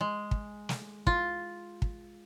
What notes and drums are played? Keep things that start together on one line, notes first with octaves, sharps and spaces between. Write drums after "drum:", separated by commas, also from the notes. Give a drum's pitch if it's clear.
G#3
drum: kick
drum: snare
F4, drum: kick
drum: kick